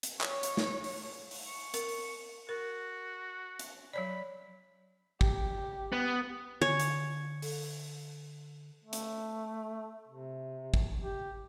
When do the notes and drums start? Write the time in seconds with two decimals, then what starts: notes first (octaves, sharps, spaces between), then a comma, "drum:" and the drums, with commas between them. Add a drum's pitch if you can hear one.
0.03 drum: hi-hat
0.21 C#5, drum: clap
0.43 drum: hi-hat
0.57 drum: snare
0.84 drum: open hi-hat
1.31 drum: open hi-hat
1.47 C#6
1.74 A#4, drum: hi-hat
1.89 drum: open hi-hat
2.49 F#4 A#4
3.59 drum: hi-hat
3.93 F#3 C#5 D5 B5
5.21 G4, drum: kick
5.93 B3
6.62 D3 C#5 G#5
6.80 drum: hi-hat
7.42 A4, drum: open hi-hat
8.83 A3
8.93 drum: hi-hat
10.08 C3
10.74 drum: kick
11.01 G4